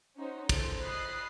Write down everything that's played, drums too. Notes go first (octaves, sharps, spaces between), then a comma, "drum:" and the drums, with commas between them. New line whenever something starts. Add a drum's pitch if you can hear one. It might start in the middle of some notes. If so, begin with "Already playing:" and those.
C#4 D#4 F#4 C5
A4 C5, drum: kick, cymbal
D#5 B5 D#6 F#6 C7